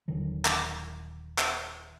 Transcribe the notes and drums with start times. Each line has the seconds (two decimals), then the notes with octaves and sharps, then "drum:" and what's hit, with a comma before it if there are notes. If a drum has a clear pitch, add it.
0.08 D#1 D3 D#3 F#3
0.45 drum: clap
1.38 drum: clap